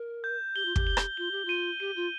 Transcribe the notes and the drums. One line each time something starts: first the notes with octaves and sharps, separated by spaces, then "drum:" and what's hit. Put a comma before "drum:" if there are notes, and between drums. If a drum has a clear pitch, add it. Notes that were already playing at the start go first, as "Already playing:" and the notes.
Already playing: A#4
G6
G4 G7
F4
G4, drum: kick
G7
drum: rim click
F4 G7
G4
F4 D#7
G4 D#7
F4